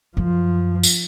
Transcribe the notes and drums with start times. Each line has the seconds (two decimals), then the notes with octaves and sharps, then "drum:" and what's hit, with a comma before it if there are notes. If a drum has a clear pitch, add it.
0.17 F#2 F3
0.83 drum: tambourine